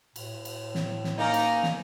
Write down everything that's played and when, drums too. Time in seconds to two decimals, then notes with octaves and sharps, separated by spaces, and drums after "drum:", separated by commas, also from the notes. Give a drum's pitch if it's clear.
0.16 A2, drum: cymbal
0.45 drum: cymbal
0.75 drum: snare
1.04 drum: snare
1.18 A#3 C#4 D#4 D5 A#5
1.34 drum: cymbal
1.63 drum: snare